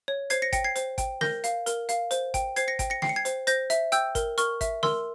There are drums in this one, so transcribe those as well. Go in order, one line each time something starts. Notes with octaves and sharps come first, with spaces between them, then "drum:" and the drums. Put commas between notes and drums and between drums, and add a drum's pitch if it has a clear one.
C#5
C5 G#6 C7, drum: hi-hat
A#6 C#7
G5 A#6 C#7, drum: kick G#1, hi-hat
G#6 C7
C5, drum: hi-hat
G5, drum: kick G#1, hi-hat
A#4 G6 A#6, drum: snare
F5, drum: hi-hat
A#4, drum: hi-hat
F5, drum: hi-hat
C5, drum: hi-hat
G5, drum: kick G#1, hi-hat
C5 G#6 C7, drum: hi-hat
A#6 C#7
G5, drum: kick G#1, hi-hat
A#6 C#7
G5 C7, drum: snare
C#7
G#6 C7
C5, drum: hi-hat
C5 G6 A#6, drum: hi-hat
E5, drum: hi-hat
G5 E6 G6, drum: hi-hat
A#4, drum: kick G#1, hi-hat
A#4 C#6 F6, drum: hi-hat
E5, drum: kick G#1, hi-hat
A#4 C6 E6, drum: snare